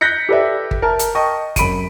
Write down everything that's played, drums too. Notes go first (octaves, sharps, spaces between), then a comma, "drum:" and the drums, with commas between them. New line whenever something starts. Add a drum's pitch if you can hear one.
F#6 G6 A#6 B6 C#7
G4 A4 B4 D5 E5
drum: kick G1
A#4 A5
drum: hi-hat
D#5 G5 A5 C#6
F#2 B5 D7 D#7, drum: kick G1, hi-hat